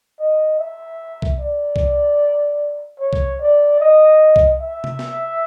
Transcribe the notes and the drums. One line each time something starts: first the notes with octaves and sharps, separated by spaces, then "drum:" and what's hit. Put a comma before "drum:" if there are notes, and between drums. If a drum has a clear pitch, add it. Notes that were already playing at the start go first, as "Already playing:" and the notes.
D#5
E5
drum: kick C2
D5
drum: kick C2
C#5
drum: kick C2
D5
D#5
drum: kick C2
E5
drum: tom C3
drum: snare